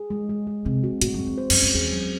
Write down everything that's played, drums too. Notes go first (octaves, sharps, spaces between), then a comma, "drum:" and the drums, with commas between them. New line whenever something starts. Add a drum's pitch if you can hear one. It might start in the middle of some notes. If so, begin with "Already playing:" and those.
Already playing: G#4
G#3
G#3
G#3
C3 C4
F#4
A2 F#4, drum: hi-hat
F#2
C4
E2
C5
F#2, drum: cymbal
C#4
F#2
E2 G#4
F#3